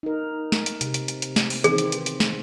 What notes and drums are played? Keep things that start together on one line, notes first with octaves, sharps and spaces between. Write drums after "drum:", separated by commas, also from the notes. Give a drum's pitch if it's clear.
D#4 A#4
drum: snare
drum: hi-hat
C3, drum: hi-hat
drum: hi-hat
drum: hi-hat
drum: hi-hat
drum: snare
drum: open hi-hat
D#3 E3 C4 G#4, drum: hi-hat
drum: hi-hat
drum: hi-hat
drum: hi-hat
drum: snare